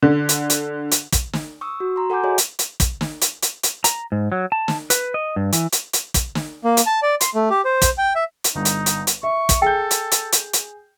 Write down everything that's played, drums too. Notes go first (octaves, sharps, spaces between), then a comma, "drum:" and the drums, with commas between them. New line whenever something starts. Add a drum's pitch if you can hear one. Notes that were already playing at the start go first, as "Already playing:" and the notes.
D3
drum: hi-hat
drum: hi-hat
drum: hi-hat
drum: kick, hi-hat
drum: snare
C#6 D#6 E6
F#4
A#5 C6
A4 F#5 G#5 D6 G6
F#4 G#4 C#5 D#5 G#5
drum: hi-hat
drum: hi-hat
drum: kick, hi-hat
drum: snare
drum: hi-hat
drum: hi-hat
drum: hi-hat
A#5, drum: hi-hat
G#2
F#3
A5
drum: snare
B4, drum: hi-hat
D#5
G2
E3, drum: hi-hat
drum: hi-hat
drum: hi-hat
drum: kick, hi-hat
drum: snare
A#3
drum: hi-hat
A5
D5
C6, drum: hi-hat
A3
G4
C5
drum: kick, hi-hat
G5
E5
drum: hi-hat
G1 D#4
drum: hi-hat
drum: hi-hat
drum: hi-hat
E5 C#6
drum: kick, hi-hat
G#4 A4 G5 G6
drum: hi-hat
drum: hi-hat
drum: hi-hat
drum: hi-hat